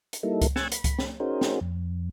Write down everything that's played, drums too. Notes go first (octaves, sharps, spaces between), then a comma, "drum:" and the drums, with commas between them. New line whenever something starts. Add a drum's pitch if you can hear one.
drum: hi-hat
G3 A#3 D#4 E4 A4
drum: kick C#2, hi-hat
G#5 C#6 E6 F#6 G#6 A6, drum: snare
B5, drum: hi-hat
drum: kick C#2, hi-hat
drum: snare
C#4 D#4 F#4 G#4 A#4 C5
drum: snare
F2